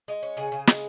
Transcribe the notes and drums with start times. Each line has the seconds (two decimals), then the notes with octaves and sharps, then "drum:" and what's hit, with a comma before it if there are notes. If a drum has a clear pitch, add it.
0.08 G#3
0.23 C#4
0.37 C#3 G#4
0.52 C#3
0.67 G#3, drum: snare